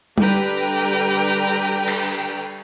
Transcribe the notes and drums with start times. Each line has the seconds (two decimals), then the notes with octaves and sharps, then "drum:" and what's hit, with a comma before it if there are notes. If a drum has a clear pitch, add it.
0.18 D3 G3 B4 G5 A#5, drum: tom G3
1.88 drum: cymbal